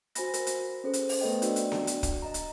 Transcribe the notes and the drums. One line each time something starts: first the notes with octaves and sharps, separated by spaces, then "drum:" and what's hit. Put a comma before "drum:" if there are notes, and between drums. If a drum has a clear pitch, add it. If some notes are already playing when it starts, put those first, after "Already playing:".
F#4 C5 G#5 B5 A#6, drum: hi-hat
A#4, drum: hi-hat
drum: hi-hat
C#4 G#4 A4 C5
drum: hi-hat
drum: open hi-hat
A3 B3 A4 B4 D#5 G5
D4 F#4 D5 G5, drum: hi-hat
drum: hi-hat
drum: snare B3
drum: hi-hat
drum: kick, hi-hat
D#5 A#5
drum: hi-hat